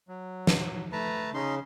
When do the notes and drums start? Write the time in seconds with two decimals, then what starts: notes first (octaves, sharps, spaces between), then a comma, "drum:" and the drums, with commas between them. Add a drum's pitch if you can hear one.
0.09 F#3
0.47 drum: snare
0.92 A3 B4 A5 A#5
1.34 C#3 C#4 D#4 C6